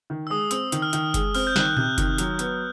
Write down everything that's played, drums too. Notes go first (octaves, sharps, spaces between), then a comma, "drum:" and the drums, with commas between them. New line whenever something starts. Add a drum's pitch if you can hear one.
D#3
E6
G#3 D#6
C4 E6, drum: hi-hat
D#3, drum: hi-hat
F6
D#3, drum: hi-hat
G#3, drum: kick F#1, hi-hat
C4 F6, drum: open hi-hat
G6
D#3 F#6, drum: snare
C3 G6, drum: tom A#2
D#3, drum: kick F#1, hi-hat
F#3, drum: hi-hat
B3, drum: hi-hat